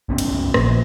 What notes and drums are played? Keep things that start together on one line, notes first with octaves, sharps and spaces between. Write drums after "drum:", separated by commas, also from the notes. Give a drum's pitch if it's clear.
F#1 C2 B3 C#4
drum: cymbal
A#1 A#2 C#3 F3, drum: rim click